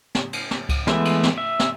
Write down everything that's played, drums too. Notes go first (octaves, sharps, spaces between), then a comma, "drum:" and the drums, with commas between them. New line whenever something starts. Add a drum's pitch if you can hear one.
drum: snare
drum: cymbal
drum: snare
drum: kick C#2, cymbal
E3 G#3 A3 B3 E5, drum: snare
drum: cymbal
drum: snare
E5
drum: snare